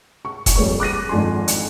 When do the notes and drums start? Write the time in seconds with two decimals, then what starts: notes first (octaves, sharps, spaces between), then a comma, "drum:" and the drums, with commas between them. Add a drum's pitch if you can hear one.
0.25 C#6
0.46 drum: kick F1, hi-hat
0.56 F2 A#2 G3 B4 C#5 C#6
0.80 D6 F#6 A#6 D#7
1.09 G#1 F2 D4 G#5 C6
1.48 drum: hi-hat